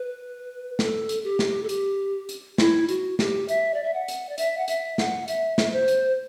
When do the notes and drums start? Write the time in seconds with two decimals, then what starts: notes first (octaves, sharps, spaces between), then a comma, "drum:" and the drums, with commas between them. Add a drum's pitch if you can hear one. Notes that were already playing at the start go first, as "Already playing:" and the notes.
Already playing: B4
0.79 A4, drum: snare
1.09 drum: hi-hat
1.24 G4
1.39 drum: snare
1.63 A4
1.69 G4, drum: hi-hat
2.29 drum: hi-hat
2.58 E4, drum: snare
2.89 F#4, drum: hi-hat
3.19 G4, drum: snare
3.48 E5, drum: hi-hat
3.74 D5
3.84 E5
3.94 F#5
4.08 drum: hi-hat
4.29 D5
4.38 E5, drum: hi-hat
4.58 F#5
4.68 E5, drum: hi-hat
4.98 F#5, drum: snare
5.28 E5, drum: hi-hat
5.58 drum: snare
5.72 C5
5.88 drum: hi-hat